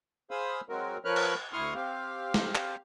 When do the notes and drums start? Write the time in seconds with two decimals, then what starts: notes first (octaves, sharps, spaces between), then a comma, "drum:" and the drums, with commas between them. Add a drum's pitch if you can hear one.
0.31 G#4 C5 F5 B5 D#6 E6
0.69 F#3 G#3 C4 F#4 A#4
1.05 F3 A#4 B4 C#5 F6 F#6
1.16 drum: cymbal
1.53 D2 E4 C6 C#6 D#6 F6
1.75 C4 G4 F5
2.34 drum: snare
2.55 drum: clap